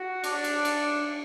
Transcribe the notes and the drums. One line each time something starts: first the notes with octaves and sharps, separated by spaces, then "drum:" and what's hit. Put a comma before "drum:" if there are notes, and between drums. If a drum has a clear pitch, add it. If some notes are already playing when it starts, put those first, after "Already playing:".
Already playing: F#4
D4, drum: cymbal
drum: cymbal
drum: cymbal